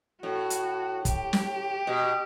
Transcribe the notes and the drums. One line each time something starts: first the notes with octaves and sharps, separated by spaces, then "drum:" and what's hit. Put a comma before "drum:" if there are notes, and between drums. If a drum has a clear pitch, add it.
A2 F#4
drum: hi-hat
G4, drum: kick, hi-hat
drum: snare
B2